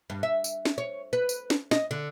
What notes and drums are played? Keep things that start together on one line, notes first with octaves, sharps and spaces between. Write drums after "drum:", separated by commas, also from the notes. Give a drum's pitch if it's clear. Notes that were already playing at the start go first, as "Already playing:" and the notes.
G2
E5
drum: tambourine
drum: snare
C#5
B4
drum: tambourine
drum: snare
D#5, drum: snare
D3